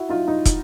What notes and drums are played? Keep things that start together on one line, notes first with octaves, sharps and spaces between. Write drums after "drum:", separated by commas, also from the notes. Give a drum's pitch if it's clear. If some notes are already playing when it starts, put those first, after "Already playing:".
Already playing: E4 F#4
D#4 F4
D#4
drum: kick, hi-hat